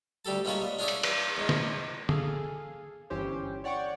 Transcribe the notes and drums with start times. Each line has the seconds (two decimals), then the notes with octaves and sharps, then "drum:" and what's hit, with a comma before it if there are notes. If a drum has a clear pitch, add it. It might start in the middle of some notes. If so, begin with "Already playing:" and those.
0.25 D2 G3 G4 A4 A5
0.45 G#2 G3 A#3 F4 C#5 A5
0.62 B3
0.79 D4 F4 G#4 C#5 D5 E5
0.88 drum: hi-hat
1.03 E3, drum: cymbal
1.37 E2 G#2
1.49 drum: snare
2.09 G#4 A4 F5, drum: tom D3
3.10 G1 E3 C#4 G4 C5
3.64 C#5 D5 F#5 G5 C#6